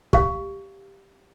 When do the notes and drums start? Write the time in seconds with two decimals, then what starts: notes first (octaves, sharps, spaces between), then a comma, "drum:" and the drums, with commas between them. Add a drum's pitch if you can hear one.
0.13 G4 F5, drum: kick